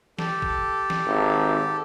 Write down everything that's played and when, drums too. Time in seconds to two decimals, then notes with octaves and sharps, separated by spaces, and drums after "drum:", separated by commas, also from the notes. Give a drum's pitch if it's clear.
0.19 G4 A4, drum: snare
0.42 drum: kick
0.90 drum: snare
1.06 G#1